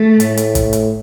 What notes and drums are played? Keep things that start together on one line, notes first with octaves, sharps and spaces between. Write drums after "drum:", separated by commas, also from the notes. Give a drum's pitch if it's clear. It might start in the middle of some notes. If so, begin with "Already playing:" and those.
Already playing: A3
A2, drum: hi-hat
drum: hi-hat
drum: kick, hi-hat
drum: hi-hat